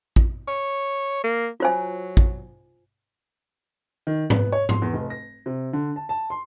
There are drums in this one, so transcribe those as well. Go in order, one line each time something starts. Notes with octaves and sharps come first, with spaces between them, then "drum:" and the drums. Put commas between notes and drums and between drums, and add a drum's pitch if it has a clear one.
drum: kick
C#5
A#3
F#3 F4 C5 G#5
drum: kick
D#3
B3, drum: tom G#2
C#5
C6, drum: tom G#2
E2
F1
A#6
C3
D3
A5
A5
C6